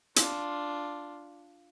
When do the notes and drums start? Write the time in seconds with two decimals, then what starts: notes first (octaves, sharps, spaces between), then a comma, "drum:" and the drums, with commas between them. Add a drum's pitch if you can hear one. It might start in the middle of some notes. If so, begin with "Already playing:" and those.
0.16 D4 F4, drum: hi-hat